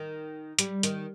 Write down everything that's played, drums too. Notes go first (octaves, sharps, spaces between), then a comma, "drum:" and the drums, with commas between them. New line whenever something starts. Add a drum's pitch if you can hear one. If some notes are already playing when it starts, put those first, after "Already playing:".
Already playing: D#3
G3, drum: hi-hat
D#3, drum: hi-hat